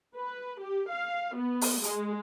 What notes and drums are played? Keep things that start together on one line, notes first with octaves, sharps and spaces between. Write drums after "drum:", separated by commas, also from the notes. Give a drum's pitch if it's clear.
B4
G4
F5
B3
drum: open hi-hat
G#3, drum: hi-hat